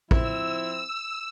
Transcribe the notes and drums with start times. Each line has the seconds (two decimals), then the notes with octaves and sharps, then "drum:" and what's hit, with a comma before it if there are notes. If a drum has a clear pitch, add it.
0.11 F3 C4 E4 E6, drum: kick A1